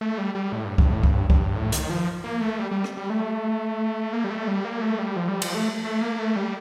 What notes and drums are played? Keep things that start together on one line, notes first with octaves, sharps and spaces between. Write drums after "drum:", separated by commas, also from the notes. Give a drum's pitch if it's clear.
A3
G3
G3
A2
G2
G2, drum: kick C2
A2
G2, drum: kick C2
G2, drum: kick C2
A2
D#3, drum: hi-hat
F3
A#3
A3
G3
G3
drum: rim click
G3
A3
A#3
G3
A3
G3
A#3
A3
G3
F3
G3
F3, drum: cymbal
A3
A3
A#3
A3
G3